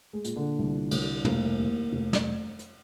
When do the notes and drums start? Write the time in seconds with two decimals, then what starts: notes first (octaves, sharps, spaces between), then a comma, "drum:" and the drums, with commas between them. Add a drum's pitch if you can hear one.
0.13 G#3
0.24 A#2, drum: hi-hat
0.36 D3 D4
0.59 C2
0.91 C2, drum: cymbal
1.25 F1 A#3 A#4, drum: tom
1.59 D#2
1.93 F1
2.13 drum: snare
2.59 drum: hi-hat